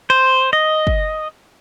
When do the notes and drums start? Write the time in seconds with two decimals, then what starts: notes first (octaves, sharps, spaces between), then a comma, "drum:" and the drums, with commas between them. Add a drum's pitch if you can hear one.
0.10 C5
0.53 D#5
0.87 drum: kick